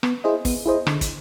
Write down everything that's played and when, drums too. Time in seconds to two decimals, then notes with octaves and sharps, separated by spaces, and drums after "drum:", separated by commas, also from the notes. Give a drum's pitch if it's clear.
0.03 B3, drum: rim click
0.24 E4 G#4 C5 D#5
0.45 B3, drum: kick, open hi-hat
0.66 E4 G#4 C5 D#5
0.87 D3, drum: rim click
1.01 drum: kick, hi-hat